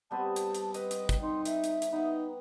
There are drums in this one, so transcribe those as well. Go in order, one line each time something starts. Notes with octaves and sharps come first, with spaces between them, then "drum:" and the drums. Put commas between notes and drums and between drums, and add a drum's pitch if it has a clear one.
G3 B3 C4 A5
drum: hi-hat
drum: hi-hat
B4 D#5, drum: hi-hat
drum: hi-hat
drum: kick, hi-hat
D#4 C6
E5, drum: hi-hat
drum: hi-hat
drum: hi-hat
B3 D#4